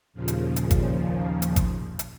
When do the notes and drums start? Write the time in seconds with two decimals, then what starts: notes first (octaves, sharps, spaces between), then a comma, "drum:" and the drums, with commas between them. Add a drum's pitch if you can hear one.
0.13 D#2 A#2 C#3 F3
0.28 drum: hi-hat
0.56 drum: hi-hat
0.71 drum: kick, hi-hat
1.42 drum: hi-hat
1.56 drum: kick, hi-hat
1.99 drum: hi-hat